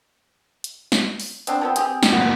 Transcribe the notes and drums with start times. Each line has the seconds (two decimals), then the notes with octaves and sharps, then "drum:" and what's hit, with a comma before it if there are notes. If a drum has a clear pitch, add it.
0.64 drum: hi-hat
0.92 drum: snare
1.20 drum: open hi-hat
1.47 B3 C4 D4, drum: hi-hat
1.61 F3 B3 C4
1.76 C4 G4 G#4, drum: hi-hat
2.03 drum: snare
2.13 A#2 B3 F#4